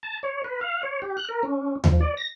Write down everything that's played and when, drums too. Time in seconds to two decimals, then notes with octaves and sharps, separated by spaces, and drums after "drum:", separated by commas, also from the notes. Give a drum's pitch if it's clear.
0.03 A5
0.23 C#5
0.44 B4
0.61 F5
0.83 C#5
1.02 G4
1.17 F#6
1.29 A#4
1.43 C#4
1.84 F3, drum: tom D#2
2.00 D5
2.17 A#6